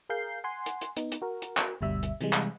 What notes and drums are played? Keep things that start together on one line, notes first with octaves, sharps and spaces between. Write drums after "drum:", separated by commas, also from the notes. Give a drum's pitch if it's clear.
G#4 A#4 F5 G6 C7
F#5 G#5 C6
drum: hi-hat
drum: hi-hat
B3 D#4, drum: hi-hat
drum: hi-hat
F#4 A#4
drum: hi-hat
drum: clap
G1 D2 B2 G3 E5
drum: hi-hat
C3 E3 G3 G#3, drum: hi-hat
drum: clap